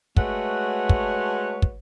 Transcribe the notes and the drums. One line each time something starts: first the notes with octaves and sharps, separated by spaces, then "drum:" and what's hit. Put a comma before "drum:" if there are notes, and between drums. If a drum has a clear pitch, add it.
G#3 A3 F#4 B4 C#5 F#5, drum: kick
drum: kick
drum: kick